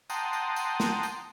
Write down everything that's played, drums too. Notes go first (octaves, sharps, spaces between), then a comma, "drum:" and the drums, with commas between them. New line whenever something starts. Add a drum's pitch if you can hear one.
F#5 G5 A5 A#5 C6 D#6, drum: tambourine
drum: tambourine
drum: tambourine
drum: snare
drum: tambourine